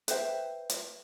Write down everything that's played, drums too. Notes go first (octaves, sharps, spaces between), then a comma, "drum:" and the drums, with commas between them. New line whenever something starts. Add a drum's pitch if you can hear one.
B4 C5 E5 G5, drum: hi-hat
drum: hi-hat